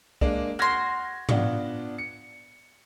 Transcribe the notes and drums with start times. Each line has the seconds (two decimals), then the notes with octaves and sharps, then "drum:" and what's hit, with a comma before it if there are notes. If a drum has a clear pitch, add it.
0.21 G#3 A#3 D4, drum: kick
0.59 F#4 C6 F6 G#6 A#6
1.29 B3 D4 F4, drum: tom G#2
1.98 C#7